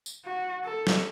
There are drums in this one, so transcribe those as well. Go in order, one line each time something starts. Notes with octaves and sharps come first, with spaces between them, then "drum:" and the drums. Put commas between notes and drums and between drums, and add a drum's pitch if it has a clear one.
drum: tambourine
F#4
A4
drum: snare